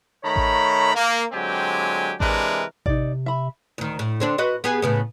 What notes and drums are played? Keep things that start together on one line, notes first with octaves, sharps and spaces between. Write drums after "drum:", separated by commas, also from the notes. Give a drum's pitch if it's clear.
D#3 A3 C#5 A#5 B5
drum: kick A1
A#3
D3 F#3 G#3 C4 G4 G#5
C3 E3 G#3 D4 A#4 B4, drum: kick A1
C3 D#4 D5, drum: kick A1
E5 B5
D2 D#3
A2
D3 C4 D4
F#4 B4 D#5
B3 G4 G#4
A2 C#3 B3